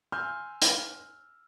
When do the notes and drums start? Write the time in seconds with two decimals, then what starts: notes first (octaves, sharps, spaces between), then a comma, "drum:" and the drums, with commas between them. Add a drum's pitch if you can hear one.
0.12 G#5 C6 E6 F6 G6
0.62 drum: hi-hat